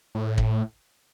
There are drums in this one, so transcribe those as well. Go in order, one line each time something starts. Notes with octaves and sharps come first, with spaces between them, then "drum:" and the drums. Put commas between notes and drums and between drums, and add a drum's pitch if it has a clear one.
A2
drum: kick